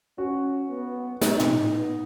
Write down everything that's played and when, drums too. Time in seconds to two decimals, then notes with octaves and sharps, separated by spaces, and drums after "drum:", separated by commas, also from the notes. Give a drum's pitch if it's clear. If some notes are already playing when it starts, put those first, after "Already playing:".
0.18 C#4 F#4
0.70 B3
1.21 D#4, drum: snare
1.40 drum: tom A2
1.73 B3